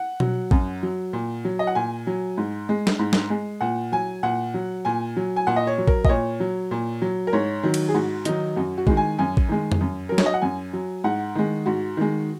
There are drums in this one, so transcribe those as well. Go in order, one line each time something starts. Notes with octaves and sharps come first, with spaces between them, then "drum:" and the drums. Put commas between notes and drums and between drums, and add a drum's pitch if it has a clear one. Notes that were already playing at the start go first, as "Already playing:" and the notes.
Already playing: F#5
F#3, drum: tom B2
F#2, drum: kick
F#3
A#2
F#3
D#5
F#5
A#2 G#5
F#3
G#2
G#3
drum: snare
G#2
drum: snare
G#3
A#2 F#5
F#3 G#5
A#2 F#5
F#3
A#2 G#5
F#3
G#5
A#2 F#5
D#5
C#5
F#3
A#4, drum: kick
D#5, drum: kick
A#2 C#5
F#3
A#2
F#3
A#4
G#2 C#5
D#3 F#3
drum: cymbal
G#4
G#2 F#4
D#3 F#3 D#4, drum: hi-hat
F#2 F#4
F#4
D#3 G#3, drum: kick
G#5
F#2 G#5
drum: kick
D#3 G#3
drum: tom F2
F#2
F#3 A#4
C#5, drum: snare
D#5
F#5
F#2 G#5
F#3
G#2 F#5
D#3 G#3
G#2 F#4
D#3 G#3